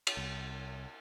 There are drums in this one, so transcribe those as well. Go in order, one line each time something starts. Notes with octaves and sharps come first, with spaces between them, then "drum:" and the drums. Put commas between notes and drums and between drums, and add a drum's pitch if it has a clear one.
drum: cymbal
C2